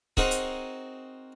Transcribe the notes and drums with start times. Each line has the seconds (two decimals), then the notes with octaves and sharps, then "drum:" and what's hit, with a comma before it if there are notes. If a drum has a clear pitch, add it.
0.17 C4 D#4 F#4 G#4 A#4, drum: kick C#1
0.31 drum: hi-hat